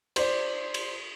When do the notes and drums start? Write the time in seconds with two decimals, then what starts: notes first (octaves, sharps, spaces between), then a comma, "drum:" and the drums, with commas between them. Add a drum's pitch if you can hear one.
0.16 C5 D5, drum: cymbal
0.74 drum: cymbal